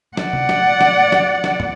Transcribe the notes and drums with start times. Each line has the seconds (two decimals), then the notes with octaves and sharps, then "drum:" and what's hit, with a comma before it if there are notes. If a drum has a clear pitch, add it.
0.17 D5 F#5, drum: snare
0.33 drum: tom
0.49 drum: snare
0.81 drum: snare
1.12 drum: snare
1.44 drum: snare
1.60 drum: tom